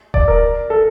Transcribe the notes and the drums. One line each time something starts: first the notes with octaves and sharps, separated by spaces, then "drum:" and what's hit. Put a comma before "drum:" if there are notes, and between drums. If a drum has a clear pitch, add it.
D5, drum: kick D#1
A#4
A4